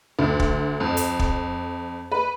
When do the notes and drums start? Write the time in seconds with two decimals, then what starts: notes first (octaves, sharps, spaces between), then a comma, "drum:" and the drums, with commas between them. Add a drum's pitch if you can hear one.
0.19 D2
0.40 drum: kick
0.80 F2
0.97 drum: hi-hat
1.19 drum: kick
2.12 B4